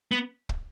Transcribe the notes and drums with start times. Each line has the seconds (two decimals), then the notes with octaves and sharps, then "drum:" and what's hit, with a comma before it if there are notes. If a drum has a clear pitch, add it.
0.12 B3
0.49 drum: kick